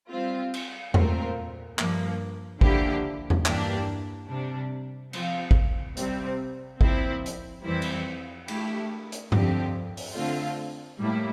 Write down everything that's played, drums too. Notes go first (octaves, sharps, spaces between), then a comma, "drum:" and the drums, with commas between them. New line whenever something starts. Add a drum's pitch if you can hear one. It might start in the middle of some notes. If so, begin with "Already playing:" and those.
G3 C4 F4
drum: cymbal
A#2 A3 C4 F4 A#4, drum: tom E2
G2 F3 A#3, drum: clap
D3 F3 A#3 E4 G4, drum: kick
drum: tom E2
G2 E3 A#3 D4 G4, drum: clap
C3 G3 D4
F3 C4 F4, drum: cymbal
drum: kick
C3 G3 C4, drum: hi-hat
A#2 F3 C4 E4, drum: kick
drum: hi-hat
F2 E3 G3 C4 E4
drum: cymbal
A3 E4 G4, drum: cymbal
drum: hi-hat
F2 D3 F3 C4 G4, drum: tom G2
drum: open hi-hat
D3 A3 C4 F4
A2 G3 A#3 E4